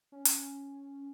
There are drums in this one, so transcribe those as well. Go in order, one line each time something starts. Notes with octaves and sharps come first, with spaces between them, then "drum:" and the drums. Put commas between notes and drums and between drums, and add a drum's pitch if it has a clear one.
C#4
drum: hi-hat